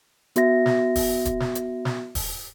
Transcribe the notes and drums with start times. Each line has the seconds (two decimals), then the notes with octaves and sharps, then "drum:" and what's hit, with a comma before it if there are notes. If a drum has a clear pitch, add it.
0.36 B3 F#4 E5 A#6, drum: hi-hat
0.66 drum: snare
0.96 drum: kick D#1, open hi-hat
1.25 drum: kick D#1, hi-hat
1.40 drum: snare
1.55 drum: hi-hat
1.85 drum: snare
2.15 drum: kick D#1, open hi-hat